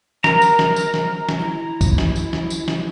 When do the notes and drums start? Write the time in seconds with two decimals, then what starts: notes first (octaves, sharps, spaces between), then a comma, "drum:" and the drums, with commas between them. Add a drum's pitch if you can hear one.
0.24 A#4 A#5, drum: snare
0.42 drum: tambourine
0.59 drum: snare
0.76 drum: tambourine
0.94 drum: snare
1.29 drum: snare
1.40 E4
1.81 drum: kick B1, tambourine
1.98 drum: snare
2.16 drum: tambourine
2.33 drum: snare
2.50 drum: tambourine
2.68 drum: snare